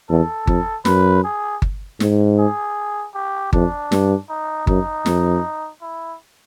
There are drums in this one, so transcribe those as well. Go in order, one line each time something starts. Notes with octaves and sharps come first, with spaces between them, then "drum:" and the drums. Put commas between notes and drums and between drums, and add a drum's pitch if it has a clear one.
E2 A4
F2, drum: kick G1
F#2 B4, drum: snare
G#4
drum: kick G1
G#2, drum: snare
G#4
G4
F2 D4, drum: kick G1
G2, drum: snare
D#4
F#2 D#4, drum: kick G1
F2, drum: snare
E4